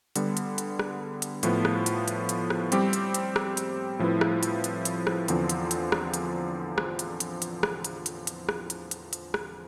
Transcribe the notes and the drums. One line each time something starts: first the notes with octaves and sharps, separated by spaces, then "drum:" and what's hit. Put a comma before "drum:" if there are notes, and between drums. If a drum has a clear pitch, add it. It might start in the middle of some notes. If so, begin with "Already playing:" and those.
D3 G3 B3, drum: hi-hat
drum: hi-hat
drum: hi-hat
drum: rim click
drum: hi-hat
A2 F3 B3, drum: hi-hat
drum: rim click
drum: hi-hat
drum: hi-hat
drum: hi-hat
drum: rim click
G3 C4 G4, drum: hi-hat
drum: hi-hat
drum: hi-hat
drum: rim click
drum: hi-hat
A2 F3 C4 E4 B4
drum: rim click
drum: hi-hat
drum: hi-hat
drum: hi-hat
drum: rim click
E2 D3 F3 C4, drum: hi-hat
drum: hi-hat
drum: hi-hat
drum: rim click
drum: hi-hat
drum: rim click
drum: hi-hat
drum: hi-hat
drum: hi-hat
drum: rim click
drum: hi-hat
drum: hi-hat
drum: hi-hat
drum: rim click
drum: hi-hat
drum: hi-hat
drum: hi-hat
drum: rim click